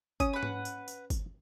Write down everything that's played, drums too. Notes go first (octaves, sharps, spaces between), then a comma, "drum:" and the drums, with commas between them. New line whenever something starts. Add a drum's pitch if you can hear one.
C#4 D#6, drum: kick G1, tambourine
B4 F#5
drum: tom G#2
drum: tambourine
drum: tambourine
drum: kick G1, tambourine